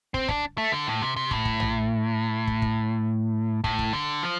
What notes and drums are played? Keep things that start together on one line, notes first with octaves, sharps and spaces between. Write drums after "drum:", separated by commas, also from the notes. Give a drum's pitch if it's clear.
C4, drum: kick
D4, drum: kick
A3
D3
A2
C3
C3
A2, drum: kick
drum: kick
drum: tom
drum: kick
drum: kick
A2, drum: kick
drum: kick
D3
F3